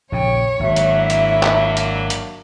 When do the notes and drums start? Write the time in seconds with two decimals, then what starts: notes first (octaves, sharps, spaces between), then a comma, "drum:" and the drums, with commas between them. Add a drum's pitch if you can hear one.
0.12 A#1 F2 C#3 C#5 G5
0.60 G#1 F#3 A#3 D4 E5
0.76 drum: hi-hat
0.97 E4
1.10 drum: hi-hat
1.43 drum: clap
1.77 drum: hi-hat
2.10 drum: hi-hat